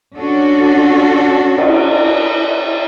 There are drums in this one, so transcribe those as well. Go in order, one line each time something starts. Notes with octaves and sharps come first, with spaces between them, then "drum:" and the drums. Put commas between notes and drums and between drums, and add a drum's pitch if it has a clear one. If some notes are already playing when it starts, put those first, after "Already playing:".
C#4 D4 F#4 A4
drum: cymbal